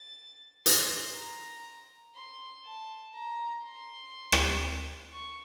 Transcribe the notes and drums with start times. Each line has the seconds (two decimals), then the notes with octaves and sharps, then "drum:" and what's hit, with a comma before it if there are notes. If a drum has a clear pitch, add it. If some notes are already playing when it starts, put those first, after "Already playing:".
Already playing: A6
0.66 C6, drum: hi-hat
1.15 A#5
2.15 C6
2.65 A5
3.15 A#5
3.64 C6
4.32 drum: rim click
5.13 C#6